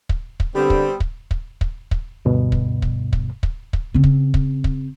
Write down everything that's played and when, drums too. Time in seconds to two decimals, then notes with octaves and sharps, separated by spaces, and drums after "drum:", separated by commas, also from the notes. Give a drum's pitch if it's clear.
0.09 drum: kick
0.40 drum: kick
0.55 D3 G3 B3 C4 G4
0.70 drum: kick
1.00 drum: kick
1.31 drum: kick
1.61 drum: kick
1.91 drum: kick
2.25 D2 G2 B2
2.52 drum: kick
2.82 drum: kick
3.13 drum: kick
3.43 drum: kick
3.73 drum: kick
3.94 C#3 C4
4.04 drum: kick
4.34 drum: kick
4.64 drum: kick